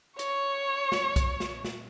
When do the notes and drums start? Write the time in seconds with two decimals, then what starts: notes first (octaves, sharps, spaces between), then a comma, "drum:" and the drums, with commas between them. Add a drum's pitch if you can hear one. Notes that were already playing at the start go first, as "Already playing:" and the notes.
0.19 C#5 C#6, drum: hi-hat
0.92 drum: snare
1.16 drum: kick B1, hi-hat
1.40 drum: snare
1.65 drum: snare